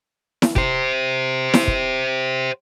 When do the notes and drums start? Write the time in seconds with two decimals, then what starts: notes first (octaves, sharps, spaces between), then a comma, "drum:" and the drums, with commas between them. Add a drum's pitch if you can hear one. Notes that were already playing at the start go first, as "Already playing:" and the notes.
0.42 drum: snare E4
0.56 G4 C5, drum: kick
1.54 drum: snare E4
1.67 drum: kick